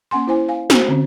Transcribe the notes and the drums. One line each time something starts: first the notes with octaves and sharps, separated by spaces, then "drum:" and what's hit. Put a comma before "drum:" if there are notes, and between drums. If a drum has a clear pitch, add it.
A#3 C#4 F#5 G#5 C6
E4 C5 G#5
F5 G#5
F#4 C5, drum: snare
D3 C4 C#4